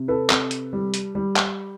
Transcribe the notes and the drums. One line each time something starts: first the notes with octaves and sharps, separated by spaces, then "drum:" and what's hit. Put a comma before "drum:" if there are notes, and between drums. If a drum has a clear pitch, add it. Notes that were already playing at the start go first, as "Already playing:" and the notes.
Already playing: C3
A4 B4
C3, drum: clap
drum: hi-hat
G3
drum: hi-hat
G3
drum: clap